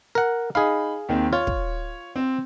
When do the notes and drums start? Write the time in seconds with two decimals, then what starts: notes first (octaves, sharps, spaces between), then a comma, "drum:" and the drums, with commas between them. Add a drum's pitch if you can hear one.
0.15 A#4 F#5
0.55 D#4 G#4 F5 B5
1.09 D#2 D#3 C4
1.33 F4 C#5
1.47 drum: kick
2.16 C4